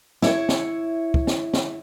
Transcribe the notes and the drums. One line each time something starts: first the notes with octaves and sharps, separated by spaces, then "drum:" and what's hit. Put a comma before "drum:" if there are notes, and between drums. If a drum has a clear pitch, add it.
E4 C#5, drum: snare
drum: snare
drum: kick
drum: snare
drum: snare